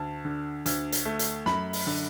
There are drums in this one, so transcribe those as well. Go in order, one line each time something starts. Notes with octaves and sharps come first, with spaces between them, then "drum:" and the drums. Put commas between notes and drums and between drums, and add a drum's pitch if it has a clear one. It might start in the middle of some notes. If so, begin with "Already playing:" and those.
Already playing: D2 A5
D3
D2, drum: hi-hat
drum: hi-hat
A3
drum: hi-hat
F#2 B5, drum: snare
drum: open hi-hat
D3